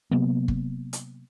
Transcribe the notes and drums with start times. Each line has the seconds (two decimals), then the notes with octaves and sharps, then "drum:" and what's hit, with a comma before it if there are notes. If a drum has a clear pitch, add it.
0.11 C3 F#3 A#3 B3
0.48 drum: kick
0.93 drum: hi-hat